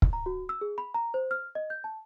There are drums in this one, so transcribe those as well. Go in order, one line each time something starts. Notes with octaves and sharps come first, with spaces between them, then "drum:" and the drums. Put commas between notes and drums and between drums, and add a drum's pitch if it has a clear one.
drum: kick
A#5
F#4
E6
G#4
B5
A#5
C5
F6
D#5
G6
A5